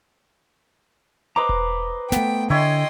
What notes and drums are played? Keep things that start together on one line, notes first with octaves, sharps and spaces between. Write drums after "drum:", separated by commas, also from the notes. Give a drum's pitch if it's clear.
B4 C5 D#5 A#5 D6
drum: kick E1
A3 B3 G5, drum: snare
D3 E4 C#5 D#5 G5 G#5 C6